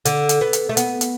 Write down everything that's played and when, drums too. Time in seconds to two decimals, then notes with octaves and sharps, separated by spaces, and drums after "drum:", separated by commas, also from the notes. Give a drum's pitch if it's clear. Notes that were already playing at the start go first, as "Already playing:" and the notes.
0.05 D3, drum: hi-hat
0.29 drum: hi-hat
0.41 B3
0.53 drum: hi-hat
0.69 A3
0.77 B3, drum: hi-hat
1.01 drum: hi-hat